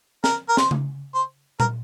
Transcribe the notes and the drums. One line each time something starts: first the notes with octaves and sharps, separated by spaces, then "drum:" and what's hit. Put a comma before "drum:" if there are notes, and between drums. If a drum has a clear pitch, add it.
A#4, drum: snare
A#4
C5, drum: snare
drum: tom C#3
C5
A#4, drum: tom A#2